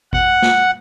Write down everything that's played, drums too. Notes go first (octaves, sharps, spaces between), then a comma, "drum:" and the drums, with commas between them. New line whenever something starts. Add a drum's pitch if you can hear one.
F#5, drum: kick G#1
drum: snare